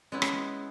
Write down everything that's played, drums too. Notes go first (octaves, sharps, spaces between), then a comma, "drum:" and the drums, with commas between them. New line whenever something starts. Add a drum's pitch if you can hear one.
G#3 B3 C#4 E4
drum: rim click